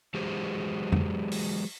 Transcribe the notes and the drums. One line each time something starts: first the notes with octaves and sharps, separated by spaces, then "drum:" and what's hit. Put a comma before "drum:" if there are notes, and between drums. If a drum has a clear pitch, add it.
E3 F#3 G#3 G4 G#4 C5
drum: tom F2
drum: open hi-hat